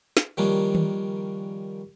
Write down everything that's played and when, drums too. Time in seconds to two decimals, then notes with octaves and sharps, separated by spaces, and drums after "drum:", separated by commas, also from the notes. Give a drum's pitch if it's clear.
0.17 drum: snare
0.37 D#3 F3 G3 A#3 C#4 D4
0.75 drum: tom D#3